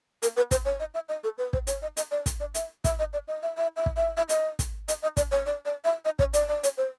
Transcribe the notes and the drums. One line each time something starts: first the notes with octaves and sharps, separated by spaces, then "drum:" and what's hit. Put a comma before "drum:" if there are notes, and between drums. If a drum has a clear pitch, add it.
A#4, drum: hi-hat
B4
C5, drum: kick, hi-hat
C#5
D#5
E5
D#5
A4
B4
C5, drum: kick
C#5, drum: hi-hat
D#5
D#5, drum: hi-hat
D5
drum: kick, hi-hat
D5
E5, drum: hi-hat
E5, drum: kick, hi-hat
D#5
D5
D#5
E5
E5
E5
drum: kick
E5
E5
D#5, drum: hi-hat
drum: kick, hi-hat
D#5, drum: hi-hat
D#5
D5, drum: kick, hi-hat
C#5
D5
D5
E5
D#5
C#5, drum: kick
D5, drum: hi-hat
D5
C#5, drum: hi-hat
C5